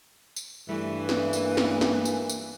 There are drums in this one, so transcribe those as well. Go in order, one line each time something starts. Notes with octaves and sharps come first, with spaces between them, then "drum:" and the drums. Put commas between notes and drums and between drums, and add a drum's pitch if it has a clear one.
drum: tambourine
G2 E3 G3 A3
drum: snare
A#3, drum: tambourine
drum: snare
drum: snare
drum: tambourine
drum: tambourine